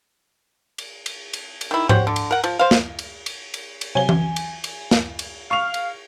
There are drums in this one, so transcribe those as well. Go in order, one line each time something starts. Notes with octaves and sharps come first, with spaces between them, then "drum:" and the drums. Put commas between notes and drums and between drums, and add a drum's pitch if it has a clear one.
drum: cymbal
drum: cymbal
drum: cymbal
drum: cymbal
D#3 E4
G4 C5 C#5 F#5, drum: tom G#2
D3
drum: cymbal
A#4 F#5
F3, drum: cymbal
C5 F5
drum: snare
drum: cymbal
drum: cymbal
drum: cymbal
drum: cymbal
C3 F#3 G#5 G7
drum: tom E3
drum: cymbal
drum: cymbal
drum: snare
drum: cymbal
F5 C#6 F7
drum: cymbal